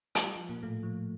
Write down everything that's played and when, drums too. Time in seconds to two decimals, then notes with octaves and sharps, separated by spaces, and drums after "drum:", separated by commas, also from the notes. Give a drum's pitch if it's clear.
0.15 F4, drum: hi-hat
0.22 G3 G4
0.36 F3 F4
0.49 A#2 A#3
0.63 A2 A3
0.83 F3